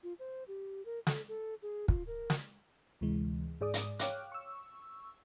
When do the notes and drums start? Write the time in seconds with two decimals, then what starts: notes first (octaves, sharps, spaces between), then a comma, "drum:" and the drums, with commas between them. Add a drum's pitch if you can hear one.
0.03 F4
0.19 C5
0.48 G4
0.85 A#4
1.07 A4, drum: snare
1.28 A4
1.62 G#4
1.88 F4, drum: kick
2.07 A#4
2.30 drum: snare
3.01 D2 C3 E3 G#3
3.61 G#2 G#4 D5 D6 D#6
3.74 drum: hi-hat
3.99 C#5 F5 G5 D6 F6 F#6, drum: hi-hat
4.32 C#6 E6